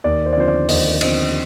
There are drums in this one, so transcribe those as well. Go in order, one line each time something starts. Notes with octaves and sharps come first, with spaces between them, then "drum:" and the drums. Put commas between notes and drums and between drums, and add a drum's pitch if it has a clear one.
D#2 D5
C5
D5
D3 F3 C4 C5
D5
D#2 C5 D#5, drum: open hi-hat
D3 F3 C4 C5 D#5, drum: cymbal